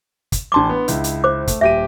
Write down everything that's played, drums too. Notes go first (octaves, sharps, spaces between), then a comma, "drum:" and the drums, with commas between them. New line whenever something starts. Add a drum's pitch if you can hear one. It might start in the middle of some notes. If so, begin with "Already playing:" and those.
drum: kick, hi-hat
A1 D4 A5 C6 D6 G7
B3
C#2 E4, drum: hi-hat
drum: hi-hat
C5 D6
A3, drum: kick, hi-hat
D#1 G4 E5 D#7